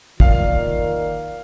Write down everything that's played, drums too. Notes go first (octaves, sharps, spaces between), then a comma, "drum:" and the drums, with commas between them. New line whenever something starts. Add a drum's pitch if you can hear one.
D#3 A#3 F4 A#4 D5 F5, drum: kick